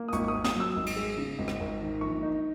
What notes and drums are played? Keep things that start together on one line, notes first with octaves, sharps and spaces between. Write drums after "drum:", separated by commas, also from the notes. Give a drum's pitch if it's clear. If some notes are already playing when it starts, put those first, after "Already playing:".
Already playing: A#3
D#6
G#1 C#6, drum: hi-hat
C#6
D#6
A#3
D#6, drum: snare
F#3
E6
G#1
drum: cymbal
G#3
C#3
G#1
drum: rim click
G#1
D#3
A#1 C#6
D#4